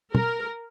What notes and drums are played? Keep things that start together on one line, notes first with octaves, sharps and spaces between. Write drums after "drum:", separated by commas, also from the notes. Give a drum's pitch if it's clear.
A#4, drum: tom